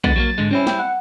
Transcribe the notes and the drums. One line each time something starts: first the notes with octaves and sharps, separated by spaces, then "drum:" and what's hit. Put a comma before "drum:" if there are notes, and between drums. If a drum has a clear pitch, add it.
D3 G#3 B3 A6, drum: kick
F#3 G3 A#3
G#2 D3 G#3
G3 C4 C#4 E4
G5, drum: snare
F#5